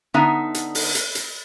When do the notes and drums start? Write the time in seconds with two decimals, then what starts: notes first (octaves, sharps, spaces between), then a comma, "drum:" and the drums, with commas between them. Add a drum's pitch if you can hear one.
0.14 D3 B3 D#4 E5
0.54 drum: hi-hat
0.75 drum: open hi-hat
0.95 drum: hi-hat
1.15 drum: hi-hat